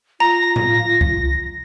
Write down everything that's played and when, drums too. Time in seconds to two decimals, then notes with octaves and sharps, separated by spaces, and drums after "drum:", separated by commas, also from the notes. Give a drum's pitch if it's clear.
0.20 F4 A#5 A#6
0.56 drum: tom A2
1.01 drum: kick C2